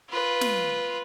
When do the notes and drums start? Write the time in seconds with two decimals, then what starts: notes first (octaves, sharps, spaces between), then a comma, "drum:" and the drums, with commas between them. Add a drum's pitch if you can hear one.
0.10 F4 B4
0.41 drum: snare